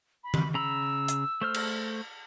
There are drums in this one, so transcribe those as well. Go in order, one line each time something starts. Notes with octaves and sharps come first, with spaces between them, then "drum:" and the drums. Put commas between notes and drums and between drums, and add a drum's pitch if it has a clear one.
B5
drum: tom D#3
C#3 A#5 B5 E6
drum: hi-hat
A3 C5 F6
drum: cymbal